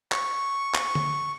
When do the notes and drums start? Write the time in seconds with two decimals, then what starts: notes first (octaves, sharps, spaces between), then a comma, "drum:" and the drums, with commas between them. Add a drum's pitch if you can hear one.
0.12 C#6, drum: clap
0.74 drum: clap
0.95 drum: tom D3